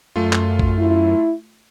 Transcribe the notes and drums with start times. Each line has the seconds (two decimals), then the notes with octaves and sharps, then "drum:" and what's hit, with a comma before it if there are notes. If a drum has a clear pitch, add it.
0.16 F#2 A3 F4
0.33 drum: clap
0.59 drum: kick
0.78 E4